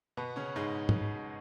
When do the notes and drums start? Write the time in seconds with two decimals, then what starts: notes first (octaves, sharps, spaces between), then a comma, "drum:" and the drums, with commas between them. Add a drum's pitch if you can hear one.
0.17 B2 B3
0.36 C#3 C#4
0.56 G#2 G#3
0.89 drum: tom